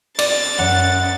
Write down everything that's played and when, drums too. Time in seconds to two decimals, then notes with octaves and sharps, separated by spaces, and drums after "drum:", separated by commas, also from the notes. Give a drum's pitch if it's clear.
0.19 D5 A6, drum: cymbal
0.59 F#2 F#5